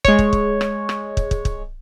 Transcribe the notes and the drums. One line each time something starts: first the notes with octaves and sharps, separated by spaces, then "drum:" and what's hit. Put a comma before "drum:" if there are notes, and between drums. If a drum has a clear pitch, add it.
G#3 C#5, drum: kick
drum: kick
drum: kick
drum: rim click
drum: rim click
drum: kick
drum: kick
drum: kick